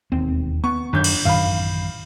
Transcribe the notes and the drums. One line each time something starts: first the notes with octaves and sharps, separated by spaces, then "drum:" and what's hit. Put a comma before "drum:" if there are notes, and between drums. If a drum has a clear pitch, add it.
E1 D#2 C4
B3 C#6
G1 F#2 D#3 G6
drum: cymbal
A1 F#2 D#3 F5 B5